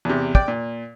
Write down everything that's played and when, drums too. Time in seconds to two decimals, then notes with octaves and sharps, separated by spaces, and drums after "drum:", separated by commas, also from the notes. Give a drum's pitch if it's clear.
0.05 E2 C3
0.35 D5 G5, drum: kick
0.48 A#2